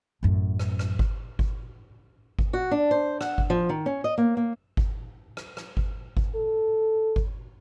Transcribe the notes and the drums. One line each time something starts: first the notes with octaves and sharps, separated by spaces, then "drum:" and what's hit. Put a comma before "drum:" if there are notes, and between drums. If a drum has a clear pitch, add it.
A1 F#2
drum: rim click
drum: rim click
drum: kick G1
drum: kick G1
drum: kick G1
F#4
D4
C5
F#5, drum: rim click
drum: kick G1
F3
D#3
C#4
D#5
A#3
A#3
drum: kick G1
drum: rim click
drum: rim click
drum: kick G1
drum: kick G1
A4
drum: kick G1